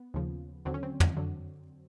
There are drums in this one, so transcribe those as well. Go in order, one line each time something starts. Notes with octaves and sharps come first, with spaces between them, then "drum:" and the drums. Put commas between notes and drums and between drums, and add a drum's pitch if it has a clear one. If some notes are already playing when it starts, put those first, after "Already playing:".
Already playing: B3
D#2 C#3 F3
D#2 D3 F#3 C4
C#4
C4
drum: tom
D3 F#3